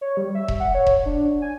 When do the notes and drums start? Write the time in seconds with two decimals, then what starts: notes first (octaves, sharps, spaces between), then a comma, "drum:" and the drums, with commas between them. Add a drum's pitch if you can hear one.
0.01 C#5
0.17 G3
0.35 E5
0.48 drum: kick E1
0.60 F#5
0.75 C#5
0.87 drum: kick E1
1.06 D4
1.42 G#5